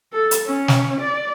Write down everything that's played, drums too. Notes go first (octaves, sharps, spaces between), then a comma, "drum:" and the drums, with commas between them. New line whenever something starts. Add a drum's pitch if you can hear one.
A4
drum: hi-hat
C#4
drum: snare
D5